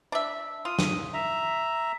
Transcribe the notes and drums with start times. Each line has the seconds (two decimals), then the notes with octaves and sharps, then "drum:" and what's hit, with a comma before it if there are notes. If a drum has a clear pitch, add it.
0.12 D4 E5
0.65 F4 D#6
0.79 drum: snare
1.14 E5 A#5